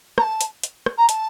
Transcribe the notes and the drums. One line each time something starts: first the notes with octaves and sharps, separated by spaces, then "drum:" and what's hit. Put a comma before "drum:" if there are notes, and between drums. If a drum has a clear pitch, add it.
A#5, drum: rim click
A5
drum: hi-hat
drum: hi-hat
drum: rim click
A#5
A5, drum: hi-hat